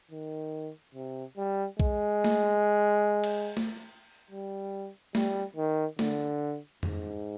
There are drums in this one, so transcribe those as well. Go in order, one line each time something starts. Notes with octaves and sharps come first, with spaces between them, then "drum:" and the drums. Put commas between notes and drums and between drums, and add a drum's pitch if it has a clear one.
D#3
C3
G3
G#3, drum: kick
drum: snare A3
drum: cymbal
drum: snare A3
G3
G3, drum: snare A3
D#3
D3, drum: snare A3
G#2, drum: tom F2